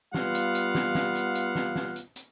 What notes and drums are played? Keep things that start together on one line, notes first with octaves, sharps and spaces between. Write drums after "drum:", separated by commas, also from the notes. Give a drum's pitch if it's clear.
G3 B3 F4 F5 F#5, drum: snare
drum: hi-hat
drum: hi-hat
drum: snare
drum: snare
drum: hi-hat
drum: hi-hat
drum: snare
drum: snare
drum: hi-hat
drum: hi-hat